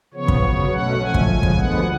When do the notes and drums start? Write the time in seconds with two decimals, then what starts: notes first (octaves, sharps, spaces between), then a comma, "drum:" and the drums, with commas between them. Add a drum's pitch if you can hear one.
0.14 C#3 F3 B3 C#5
0.28 drum: kick
0.43 C#3 F#3 B3
0.71 B2 F#3 A3 C#4 F#5
1.00 F2 F3 A3 C#4 G#5
1.14 drum: kick
1.29 C#3 F3 G#3
1.43 drum: kick
1.57 D2 D3 F3 G#3 B3 F#5